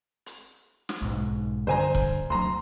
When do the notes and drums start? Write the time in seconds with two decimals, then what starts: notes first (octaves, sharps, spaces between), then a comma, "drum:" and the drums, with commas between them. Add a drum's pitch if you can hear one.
0.26 drum: hi-hat
0.89 drum: snare
1.02 B1 G#2
1.67 G2 D3 C5 G#5 A#5
1.95 drum: kick
2.30 D2 F#3 A#5 C6